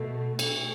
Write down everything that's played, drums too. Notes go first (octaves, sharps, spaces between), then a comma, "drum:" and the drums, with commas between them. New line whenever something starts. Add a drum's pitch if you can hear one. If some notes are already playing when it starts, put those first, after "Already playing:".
Already playing: B2 A3
B2 A3, drum: cymbal